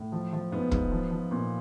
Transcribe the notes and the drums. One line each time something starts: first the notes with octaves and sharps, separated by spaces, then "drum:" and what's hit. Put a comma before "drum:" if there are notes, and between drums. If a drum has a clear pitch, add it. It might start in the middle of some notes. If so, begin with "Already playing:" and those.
Already playing: A2
F3
F3
G#2 B3
G#2, drum: kick
F3
F3
A#2